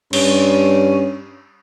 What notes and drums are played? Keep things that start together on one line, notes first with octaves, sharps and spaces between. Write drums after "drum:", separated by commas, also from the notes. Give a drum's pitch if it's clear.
G2 C#4, drum: cymbal